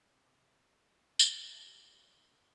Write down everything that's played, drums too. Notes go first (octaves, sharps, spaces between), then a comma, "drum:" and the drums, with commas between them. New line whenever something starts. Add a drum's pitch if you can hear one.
C3
C3
C3
D3, drum: tambourine
A2 A3
G3
G3
F#3
D#3
D3